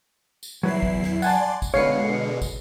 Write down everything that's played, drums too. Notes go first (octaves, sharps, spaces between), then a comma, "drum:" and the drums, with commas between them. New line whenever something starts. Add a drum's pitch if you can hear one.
drum: tambourine
E2 F#3 E4 B4 C7
drum: kick
drum: snare
D5 F#5 G#5 A5 C6 A6, drum: tambourine
drum: kick, tambourine
B2 D3 G#3 B4 C#5 F5 C7 C#7
drum: kick, tambourine